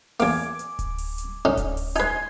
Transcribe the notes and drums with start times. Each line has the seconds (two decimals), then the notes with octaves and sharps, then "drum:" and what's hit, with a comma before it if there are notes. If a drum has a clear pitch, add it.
0.20 E2 A#3 G#5 D6, drum: open hi-hat
0.59 drum: hi-hat
0.79 drum: kick D1, hi-hat
0.98 drum: open hi-hat
1.18 drum: hi-hat
1.45 D3 C#4 D#4
1.57 drum: kick D1, hi-hat
1.77 drum: open hi-hat
1.96 D#4 B4 G#5 C6, drum: hi-hat